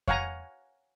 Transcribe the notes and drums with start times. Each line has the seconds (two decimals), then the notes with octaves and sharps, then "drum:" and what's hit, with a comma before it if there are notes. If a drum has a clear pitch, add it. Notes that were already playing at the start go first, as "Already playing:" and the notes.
0.08 C#5 F5 F#5 G#5 A#5, drum: kick F2